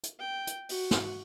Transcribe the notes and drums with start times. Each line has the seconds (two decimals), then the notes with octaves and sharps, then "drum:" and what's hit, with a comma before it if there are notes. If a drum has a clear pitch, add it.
0.03 drum: hi-hat
0.19 G5
0.47 drum: hi-hat
0.69 F#4, drum: open hi-hat
0.91 drum: snare